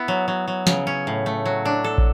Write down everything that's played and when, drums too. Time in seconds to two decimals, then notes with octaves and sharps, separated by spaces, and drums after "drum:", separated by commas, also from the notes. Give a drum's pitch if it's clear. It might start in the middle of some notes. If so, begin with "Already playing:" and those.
Already playing: B3 E4
0.08 F#3
0.28 F#3
0.48 F#3
0.67 C#3, drum: snare
0.87 C#4
1.07 A2
1.26 A3
1.46 F#3
1.65 D4
1.84 A4
1.98 drum: kick